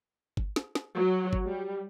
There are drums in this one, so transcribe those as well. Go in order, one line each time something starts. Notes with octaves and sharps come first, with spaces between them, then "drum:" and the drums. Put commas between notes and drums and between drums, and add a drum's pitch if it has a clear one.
drum: kick
drum: snare
drum: snare
F#3
drum: kick
G3